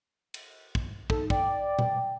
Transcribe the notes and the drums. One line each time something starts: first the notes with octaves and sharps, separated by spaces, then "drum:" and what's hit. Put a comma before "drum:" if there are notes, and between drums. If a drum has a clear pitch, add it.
drum: cymbal
drum: kick
D#4 A4, drum: kick
D5 G5, drum: kick
drum: tom A#2